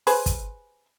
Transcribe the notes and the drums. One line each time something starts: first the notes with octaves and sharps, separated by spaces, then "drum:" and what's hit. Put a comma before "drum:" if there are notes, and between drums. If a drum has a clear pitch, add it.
G#4 B4 C5, drum: open hi-hat
drum: kick, hi-hat